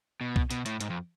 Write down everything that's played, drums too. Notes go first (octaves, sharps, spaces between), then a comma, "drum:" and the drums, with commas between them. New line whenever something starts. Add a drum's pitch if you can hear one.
B2
drum: kick B1
B2, drum: hi-hat
A2, drum: hi-hat
G#2, drum: hi-hat
F2